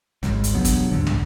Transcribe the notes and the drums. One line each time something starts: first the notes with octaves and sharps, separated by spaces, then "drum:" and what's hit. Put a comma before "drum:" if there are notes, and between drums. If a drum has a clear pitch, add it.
G#1 C#2, drum: snare
drum: hi-hat
E1 G2 F#3 B3
drum: kick, hi-hat
D#2 G#2 D3
drum: tom